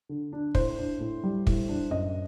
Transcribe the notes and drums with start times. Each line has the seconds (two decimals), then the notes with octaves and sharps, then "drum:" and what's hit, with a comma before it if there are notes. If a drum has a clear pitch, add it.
0.09 D3
0.33 D4
0.55 A2 C5, drum: kick
0.78 D4
1.00 A2
1.24 G3
1.47 A2, drum: kick
1.69 D4
1.91 F#2 D#5